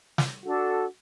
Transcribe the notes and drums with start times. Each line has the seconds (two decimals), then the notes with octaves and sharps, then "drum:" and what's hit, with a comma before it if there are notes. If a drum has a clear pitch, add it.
0.18 drum: snare
0.45 D4 F#4 A4